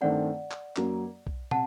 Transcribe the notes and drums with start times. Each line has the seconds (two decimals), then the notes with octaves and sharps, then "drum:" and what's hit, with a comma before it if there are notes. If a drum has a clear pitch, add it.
0.01 G2 D#3 A3 C4 D5 F#5
0.51 drum: clap
0.76 F#2 F#3 A#3, drum: clap
1.27 drum: kick B1
1.51 C3 F#5 A5, drum: tom